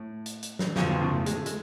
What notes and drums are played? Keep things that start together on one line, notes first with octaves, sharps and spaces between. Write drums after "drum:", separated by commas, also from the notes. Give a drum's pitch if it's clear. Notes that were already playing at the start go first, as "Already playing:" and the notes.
Already playing: A2
drum: hi-hat
drum: hi-hat
drum: snare
B1 F2 B2 D3 F3, drum: snare
B1 B2
C#2 C#3
A2
G#3, drum: hi-hat
A3
G#3, drum: hi-hat